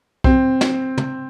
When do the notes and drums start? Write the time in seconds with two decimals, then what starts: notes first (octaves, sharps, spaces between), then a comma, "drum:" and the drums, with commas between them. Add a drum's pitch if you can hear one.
0.24 C4, drum: kick B1
0.61 drum: snare
0.98 drum: tom